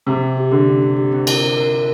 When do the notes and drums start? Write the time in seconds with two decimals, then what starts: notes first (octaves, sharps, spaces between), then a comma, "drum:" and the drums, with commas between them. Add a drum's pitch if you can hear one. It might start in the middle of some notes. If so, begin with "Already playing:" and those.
0.07 C3 C4
0.22 C4
0.37 G4
0.51 D3 G4
0.68 C4
0.82 C4
0.97 G4
1.12 C4
1.27 A#4, drum: cymbal
1.43 A#4
1.57 A#4
1.73 A#4